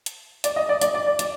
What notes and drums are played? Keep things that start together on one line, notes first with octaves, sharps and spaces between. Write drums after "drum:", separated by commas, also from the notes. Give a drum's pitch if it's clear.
drum: hi-hat
D5, drum: hi-hat
D#5
D5
D5, drum: hi-hat
D5
D5
D5, drum: hi-hat